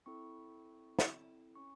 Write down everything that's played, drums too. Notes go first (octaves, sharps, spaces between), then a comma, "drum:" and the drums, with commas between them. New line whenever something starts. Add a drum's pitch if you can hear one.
C4 E4 A4 C#6
drum: snare
C#4 C#6